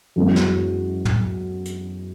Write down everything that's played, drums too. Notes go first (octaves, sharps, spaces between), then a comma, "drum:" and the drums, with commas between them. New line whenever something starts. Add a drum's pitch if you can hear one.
F#2 E3 G#3 B3 F#4
drum: snare
drum: tom
drum: hi-hat